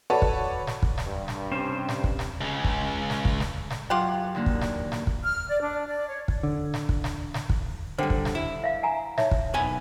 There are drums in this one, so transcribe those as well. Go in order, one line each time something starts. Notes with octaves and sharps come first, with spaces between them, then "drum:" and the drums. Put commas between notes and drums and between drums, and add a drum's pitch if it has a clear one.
F#4 A4 B4 C#5 D5 A5
drum: kick
drum: snare
drum: kick
drum: snare
G2
drum: snare
C3 C#4 G4 C5
drum: snare
drum: kick
drum: snare
C#2 C#3
drum: kick
drum: snare
drum: kick
drum: snare
drum: snare
F#2 F4 G4 F#5
D#2 D3 A#3
drum: kick
drum: snare
drum: snare
drum: kick
F6
D5
D4
D5
C#5
drum: kick
D3
drum: snare
drum: kick
drum: snare
drum: snare
drum: kick
D3 G3 C5 F#5 G5
drum: kick
drum: snare
E4
E5 F5
F#5 G#5 A#5
D#4 C#5 E5, drum: snare
drum: kick
B1 B3 G#5